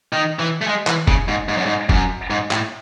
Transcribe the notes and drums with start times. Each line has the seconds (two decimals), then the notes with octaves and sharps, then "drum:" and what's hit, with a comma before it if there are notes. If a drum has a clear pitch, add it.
0.13 D#3
0.39 E3
0.62 A3
0.67 G#3
0.87 E3, drum: clap
1.08 C#3, drum: kick F#1
1.28 G#2
1.49 G#2
1.57 F#2
1.66 G#2
1.89 F#2, drum: kick F#1
2.30 G#2
2.51 A2, drum: clap